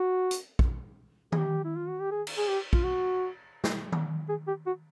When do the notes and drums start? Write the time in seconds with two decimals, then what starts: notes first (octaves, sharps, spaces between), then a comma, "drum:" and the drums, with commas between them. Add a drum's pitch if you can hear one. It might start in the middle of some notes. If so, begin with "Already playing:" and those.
Already playing: F#4
0.31 drum: hi-hat
0.59 drum: kick A#1
1.32 G#4, drum: tom D#3
1.38 G4
1.64 E4
1.76 F4
1.88 F#4
1.99 G4
2.11 G#4
2.27 drum: cymbal
2.37 G#4
2.48 G4
2.73 F4, drum: kick A#1
2.84 F#4
3.64 drum: snare
3.92 drum: tom D#3
4.29 G#4
4.47 G4
4.66 F#4